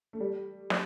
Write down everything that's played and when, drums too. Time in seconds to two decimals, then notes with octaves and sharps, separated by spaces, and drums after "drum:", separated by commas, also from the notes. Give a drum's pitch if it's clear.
0.13 A3
0.20 G3
0.70 drum: snare